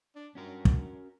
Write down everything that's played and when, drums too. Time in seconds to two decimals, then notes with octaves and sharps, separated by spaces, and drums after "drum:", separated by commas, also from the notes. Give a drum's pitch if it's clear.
0.15 D4
0.35 G2 C#4 F#4 A#4
0.65 drum: kick